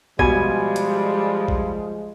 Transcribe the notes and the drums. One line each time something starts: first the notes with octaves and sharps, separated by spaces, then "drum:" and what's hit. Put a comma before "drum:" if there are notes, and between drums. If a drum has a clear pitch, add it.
B2 F3 G3 G#3 G#5, drum: kick
drum: hi-hat
drum: kick